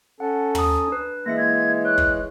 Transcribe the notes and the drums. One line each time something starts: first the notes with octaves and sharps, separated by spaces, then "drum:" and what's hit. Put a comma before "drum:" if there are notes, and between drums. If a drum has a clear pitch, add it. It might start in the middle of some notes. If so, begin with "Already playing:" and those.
C#4 A4 F#5
A#5 D#6, drum: tom
D4 B4
E3 G#3 A#3 E5 A#6 C#7
G#6
C#5 F#6
drum: kick